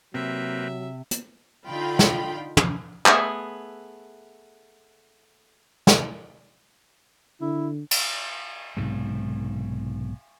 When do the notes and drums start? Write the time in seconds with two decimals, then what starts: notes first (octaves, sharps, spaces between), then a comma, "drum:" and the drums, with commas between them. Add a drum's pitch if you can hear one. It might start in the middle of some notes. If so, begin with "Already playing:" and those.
0.14 C3 F#3 A#3 C4 B4 E5
1.11 drum: hi-hat
1.68 D3 D#4 F4 G5 B5
1.99 drum: snare
2.57 drum: tom
3.06 A3 B3 G#4 E5, drum: clap
5.87 drum: snare
7.41 D3 E4
7.91 drum: cymbal
8.77 B1 G#2 C3 G#3